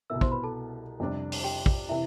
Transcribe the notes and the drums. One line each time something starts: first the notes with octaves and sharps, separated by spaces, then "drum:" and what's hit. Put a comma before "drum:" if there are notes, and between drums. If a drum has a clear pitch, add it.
C2 B2 B3 E5 E6
C5 C6, drum: kick
B4 B5
A4 A5
F2 C3 G3 D4
drum: open hi-hat
G4 G5
drum: kick
C3 E3 E4 E5